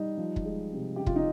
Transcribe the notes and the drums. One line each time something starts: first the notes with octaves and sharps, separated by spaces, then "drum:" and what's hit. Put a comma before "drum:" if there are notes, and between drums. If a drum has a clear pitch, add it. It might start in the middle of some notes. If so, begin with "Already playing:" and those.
Already playing: G3 D#4
F3
drum: kick
G#3
C3
C3 G4
F4, drum: kick
D#4